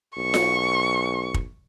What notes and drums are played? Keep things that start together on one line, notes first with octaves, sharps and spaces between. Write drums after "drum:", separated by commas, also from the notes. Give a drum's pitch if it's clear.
B1 C#6
drum: snare F4
drum: kick